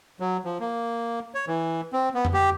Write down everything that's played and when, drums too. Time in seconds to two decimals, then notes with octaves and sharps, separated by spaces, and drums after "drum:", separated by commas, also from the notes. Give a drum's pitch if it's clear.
0.20 F#3
0.45 F3
0.60 A#3
1.35 C#5
1.48 E3
1.93 C4
2.14 B3
2.25 drum: tom F2
2.34 G4